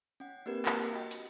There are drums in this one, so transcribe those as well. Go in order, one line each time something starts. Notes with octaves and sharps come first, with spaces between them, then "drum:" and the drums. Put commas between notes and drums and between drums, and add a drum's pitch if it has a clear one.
C#4 F#5
A#3 C4 D4 G4 A#4 B4
drum: clap
F#4 D#5 G5
drum: hi-hat